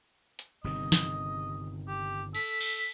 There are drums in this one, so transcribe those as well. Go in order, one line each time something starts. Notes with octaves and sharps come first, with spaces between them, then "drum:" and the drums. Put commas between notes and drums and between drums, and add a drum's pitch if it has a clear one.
drum: hi-hat
G1 C3 D#3 D#5
drum: snare
G4
A4 B6, drum: cymbal
drum: cymbal